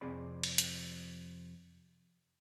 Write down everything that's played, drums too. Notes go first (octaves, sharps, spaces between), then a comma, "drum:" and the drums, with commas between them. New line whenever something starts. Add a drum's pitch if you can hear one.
F2 C3 C4 G#4 D5 B5
drum: cymbal
drum: hi-hat